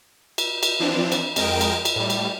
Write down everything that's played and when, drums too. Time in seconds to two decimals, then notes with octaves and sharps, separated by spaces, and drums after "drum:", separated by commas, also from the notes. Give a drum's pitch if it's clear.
0.38 drum: cymbal
0.63 drum: cymbal
0.80 E3 F3 C4 D4
1.12 drum: cymbal
1.36 F2 G#3 A#4 D#5 G5 D7, drum: cymbal
1.61 drum: cymbal
1.85 drum: cymbal
1.96 A2 G3
2.10 drum: cymbal